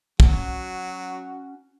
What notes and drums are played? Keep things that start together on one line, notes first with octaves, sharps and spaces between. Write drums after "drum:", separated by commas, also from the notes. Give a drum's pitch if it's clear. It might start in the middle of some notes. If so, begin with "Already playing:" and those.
F#3 C#4 F#4, drum: kick